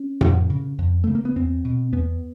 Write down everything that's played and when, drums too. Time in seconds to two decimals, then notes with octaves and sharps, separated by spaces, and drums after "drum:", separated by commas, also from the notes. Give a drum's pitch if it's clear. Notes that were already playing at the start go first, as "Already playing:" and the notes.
Already playing: C#4
0.21 F2, drum: tom A2
0.50 C#3
0.78 F2
1.04 C#3 A3
1.15 A#3
1.25 B3
1.36 E2 C4
1.64 B2
1.92 E2 B3